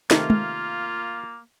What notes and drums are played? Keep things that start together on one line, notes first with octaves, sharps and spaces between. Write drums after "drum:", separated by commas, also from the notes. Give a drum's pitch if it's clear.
C3 D#3 A3 A#3 F4, drum: snare
drum: tom